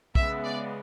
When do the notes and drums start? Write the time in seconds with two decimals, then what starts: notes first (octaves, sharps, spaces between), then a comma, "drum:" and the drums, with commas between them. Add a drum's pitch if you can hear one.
0.15 C#3 G#3 B3 E5, drum: kick
0.45 D5